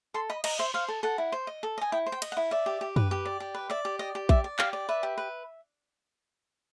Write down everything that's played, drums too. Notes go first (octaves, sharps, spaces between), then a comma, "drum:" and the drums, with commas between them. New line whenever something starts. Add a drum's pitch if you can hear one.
A4 C6
D#5 B5
D#5 A#5, drum: cymbal
C5 E5
C5 F5
A4
A4 F#5
E4
C5
D#5
A4
D#5 G#5
E4 G5
C5
G5
D#5, drum: cymbal
F#5
E4
D5 E5
G4
G4
B4, drum: tom F#2
G4
D5
G4
B4
D5 E5
G4
D5 D#5
G4
D5 E5, drum: kick A#1
D5
G4 F5, drum: clap
D5
B4 E5
G4
B4